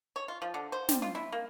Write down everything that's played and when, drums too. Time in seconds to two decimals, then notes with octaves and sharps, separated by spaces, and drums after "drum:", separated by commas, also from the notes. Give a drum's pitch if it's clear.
0.16 C#5
0.28 F4
0.42 F3
0.54 D3
0.72 C5
0.89 G3, drum: snare
1.02 F4
1.15 E4
1.32 A#3